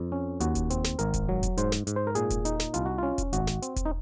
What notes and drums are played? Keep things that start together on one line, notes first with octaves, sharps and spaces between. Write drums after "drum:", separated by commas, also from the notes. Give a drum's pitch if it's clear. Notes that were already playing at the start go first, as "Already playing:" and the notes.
Already playing: F2
C#4
D#2 F#4, drum: hi-hat
drum: kick E1, hi-hat
C4, drum: hi-hat
drum: snare
G#1 A#4, drum: hi-hat
drum: kick E1, hi-hat
F#3
drum: kick E1, hi-hat
G#2 C5, drum: hi-hat
drum: snare
G#2, drum: hi-hat
C5
A#4
A#2 G#4, drum: hi-hat
drum: kick E1, hi-hat
D#4, drum: hi-hat
drum: snare
C2 F4, drum: hi-hat
F#4
C#4 F4
drum: kick E1, hi-hat
G#1 F#4, drum: hi-hat
drum: snare
C4, drum: hi-hat
drum: kick E1, hi-hat
D#4